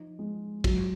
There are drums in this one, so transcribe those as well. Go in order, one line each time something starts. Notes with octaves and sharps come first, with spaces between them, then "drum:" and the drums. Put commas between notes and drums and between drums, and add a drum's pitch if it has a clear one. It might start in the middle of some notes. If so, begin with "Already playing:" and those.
Already playing: F3 D#4
G#3
F#3, drum: kick, cymbal